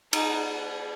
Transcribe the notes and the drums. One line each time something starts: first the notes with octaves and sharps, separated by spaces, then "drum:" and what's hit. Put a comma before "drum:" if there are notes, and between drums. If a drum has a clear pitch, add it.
D#4, drum: cymbal